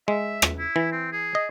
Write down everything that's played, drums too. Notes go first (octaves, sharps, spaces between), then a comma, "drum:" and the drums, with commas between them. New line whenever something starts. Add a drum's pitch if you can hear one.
G#3 E5
drum: rim click
E4
E3
C4
G#4
D#5